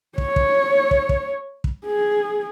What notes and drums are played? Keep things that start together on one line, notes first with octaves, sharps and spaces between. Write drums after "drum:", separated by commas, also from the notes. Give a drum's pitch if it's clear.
C#5, drum: kick
drum: kick
drum: kick
drum: kick
drum: kick
G#4